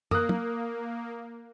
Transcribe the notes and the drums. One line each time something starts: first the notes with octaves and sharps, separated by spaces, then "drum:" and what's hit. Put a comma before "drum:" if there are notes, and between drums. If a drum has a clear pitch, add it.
A#3 A#4 D#6 F#6, drum: tom
drum: tom